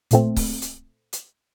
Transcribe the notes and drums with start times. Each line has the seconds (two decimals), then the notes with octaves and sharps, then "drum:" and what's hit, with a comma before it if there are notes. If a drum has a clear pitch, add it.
0.11 A#1 A#2 A3 C4, drum: hi-hat
0.36 drum: kick C#1, open hi-hat
0.62 drum: hi-hat
1.13 drum: hi-hat